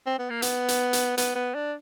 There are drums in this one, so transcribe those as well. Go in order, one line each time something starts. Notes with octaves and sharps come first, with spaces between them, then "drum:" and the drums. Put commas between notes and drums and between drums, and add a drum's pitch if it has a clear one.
C4
B3
A#3
B3, drum: hi-hat
drum: hi-hat
drum: hi-hat
B3, drum: hi-hat
B3
D4